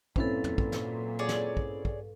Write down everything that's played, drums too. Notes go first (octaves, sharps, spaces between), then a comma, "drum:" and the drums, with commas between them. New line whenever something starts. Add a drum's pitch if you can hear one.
A#2 F#3 C4 C#4 E4 A4 B4 F5, drum: kick
drum: tom
drum: kick
drum: snare
G#4 C#5 D5
drum: snare
drum: kick
drum: kick